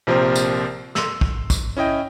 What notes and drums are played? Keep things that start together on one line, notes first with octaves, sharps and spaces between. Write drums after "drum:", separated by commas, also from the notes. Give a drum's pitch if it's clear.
A#1 C3 F3 A#3 A#4 C5
drum: tambourine
C6 E6, drum: snare
drum: kick
drum: kick, tambourine
C#4 E4 D#5 G5